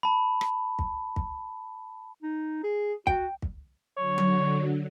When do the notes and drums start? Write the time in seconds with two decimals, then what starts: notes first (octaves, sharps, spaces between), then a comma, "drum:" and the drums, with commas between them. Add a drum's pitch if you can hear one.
0.03 A5 B5
0.41 drum: rim click
0.79 drum: kick
1.16 drum: kick
2.23 D#4
2.64 G#4
3.07 F#4 G5, drum: kick
3.42 drum: kick
3.97 D3 F#3 C#5
4.18 drum: tom F#3